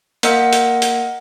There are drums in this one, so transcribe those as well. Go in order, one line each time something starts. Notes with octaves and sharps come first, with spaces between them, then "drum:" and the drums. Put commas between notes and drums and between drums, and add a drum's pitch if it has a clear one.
A#3 A#4 D#5 F#5 E6, drum: hi-hat
drum: hi-hat
drum: hi-hat